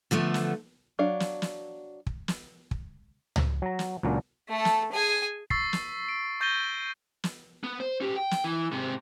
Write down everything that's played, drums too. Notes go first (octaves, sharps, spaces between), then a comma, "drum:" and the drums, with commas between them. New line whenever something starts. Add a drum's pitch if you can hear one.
D3 F3 A3 B3
drum: snare
F#3 D4 F5
drum: snare
drum: snare
drum: kick
drum: snare
drum: kick
drum: tom C#2
F#3 A#5
drum: snare
C#2 A#2 F#3 C#4 D4 A#4
A3 A4
drum: snare
G#4 G#5
C#6 E6 A6 B6 C7, drum: kick
drum: snare
D7
C#6 G6 A6 A#6 D#7 G7
drum: snare
B3
C5
C#4 G4
G5
drum: snare
E3
G#2 C3